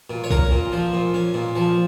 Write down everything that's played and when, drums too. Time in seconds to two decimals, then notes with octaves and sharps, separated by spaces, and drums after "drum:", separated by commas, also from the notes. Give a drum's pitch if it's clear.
0.10 A#2
0.24 C#5
0.31 C#4 A#4, drum: kick B1
0.51 A#2
0.72 F3
0.93 A#2
1.14 C#4
1.34 A#2
1.56 F3